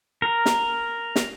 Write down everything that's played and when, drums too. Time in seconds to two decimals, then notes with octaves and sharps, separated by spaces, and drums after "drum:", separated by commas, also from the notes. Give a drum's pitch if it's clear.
0.22 A#4
0.46 drum: snare
1.16 drum: snare